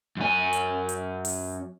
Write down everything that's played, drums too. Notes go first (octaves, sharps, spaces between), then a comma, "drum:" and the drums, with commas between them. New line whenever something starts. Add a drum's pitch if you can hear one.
F#2 G#5
drum: hi-hat
drum: hi-hat
drum: open hi-hat